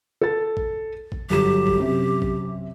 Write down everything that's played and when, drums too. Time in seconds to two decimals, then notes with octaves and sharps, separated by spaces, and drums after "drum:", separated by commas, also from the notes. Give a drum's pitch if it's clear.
0.21 A4 A6
0.57 drum: kick A1
1.12 drum: kick A1
1.30 G1 F#3 G4 E7
1.67 drum: kick A1
1.77 F#2 C3
2.22 drum: kick A1